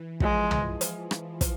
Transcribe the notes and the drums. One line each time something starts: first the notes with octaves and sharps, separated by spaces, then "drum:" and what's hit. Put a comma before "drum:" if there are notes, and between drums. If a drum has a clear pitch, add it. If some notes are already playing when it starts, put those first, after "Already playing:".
Already playing: E3
F3 G#3, drum: kick
drum: tom
drum: hi-hat
drum: rim click
drum: kick, hi-hat